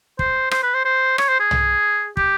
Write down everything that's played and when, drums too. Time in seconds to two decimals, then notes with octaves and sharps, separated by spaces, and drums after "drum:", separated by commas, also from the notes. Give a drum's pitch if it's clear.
0.19 C5, drum: kick
0.51 C5, drum: rim click
0.63 B4
0.74 C5
0.85 C5
1.18 C#5, drum: rim click
1.29 C5
1.40 G#4
1.51 drum: tom
2.17 G4, drum: kick